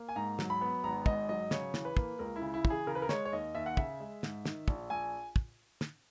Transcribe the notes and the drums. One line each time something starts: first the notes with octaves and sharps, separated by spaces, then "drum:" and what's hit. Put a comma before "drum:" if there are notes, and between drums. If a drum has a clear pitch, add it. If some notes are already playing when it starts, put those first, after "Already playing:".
Already playing: A#3
G#5
G#2 A#5
F#3, drum: snare
B5
B3
G#1 A#5
G#2 D#5, drum: kick
F#3 D#5
C#3 C#5, drum: snare
E3, drum: snare
B4
A#3, drum: kick
C#2 A#4
E4
C#3
E4
E3, drum: kick
G#4
C#3 A#4
B4
A#4
G#3 C#5, drum: snare
C#5
D#2 D#5
D#2 E5
F#5
C#3 E5, drum: kick
G#3
G#2, drum: snare
D#3, drum: snare
A#1, drum: kick
A#1 G#5
drum: kick
drum: snare